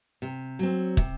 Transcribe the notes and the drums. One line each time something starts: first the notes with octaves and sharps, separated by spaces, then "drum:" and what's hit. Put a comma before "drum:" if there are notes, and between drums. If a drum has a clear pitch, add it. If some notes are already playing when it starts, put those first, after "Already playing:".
C3
F#3 C4
C3, drum: kick